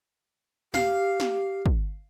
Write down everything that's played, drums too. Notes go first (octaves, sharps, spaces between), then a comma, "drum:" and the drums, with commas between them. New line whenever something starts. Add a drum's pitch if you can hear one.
G4 F5, drum: snare
drum: snare
drum: kick